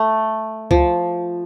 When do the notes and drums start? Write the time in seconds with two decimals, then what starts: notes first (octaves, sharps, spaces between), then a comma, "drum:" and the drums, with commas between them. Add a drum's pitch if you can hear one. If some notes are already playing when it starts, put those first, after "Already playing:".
Already playing: A3
0.71 F3, drum: kick C#2